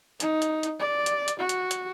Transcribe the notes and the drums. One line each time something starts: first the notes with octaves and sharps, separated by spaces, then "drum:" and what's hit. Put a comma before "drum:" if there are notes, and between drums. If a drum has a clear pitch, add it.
D#4, drum: hi-hat
drum: hi-hat
drum: hi-hat
D5
drum: hi-hat
drum: hi-hat
F#4
drum: hi-hat
drum: hi-hat